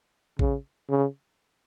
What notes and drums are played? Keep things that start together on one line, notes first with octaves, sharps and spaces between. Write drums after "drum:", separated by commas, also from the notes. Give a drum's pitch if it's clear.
C#3, drum: kick A1
C#3